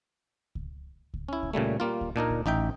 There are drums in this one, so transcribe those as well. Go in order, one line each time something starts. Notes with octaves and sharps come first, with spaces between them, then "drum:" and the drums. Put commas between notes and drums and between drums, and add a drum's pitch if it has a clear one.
drum: kick C#2
drum: kick C#2
C#4 E4
drum: kick C#2
A#2 C#3 G3 A3
G3 A#3 F4
drum: kick C#2
A#2 D4 D#4 A#4
drum: kick C#2
A1 D#4 E5 G5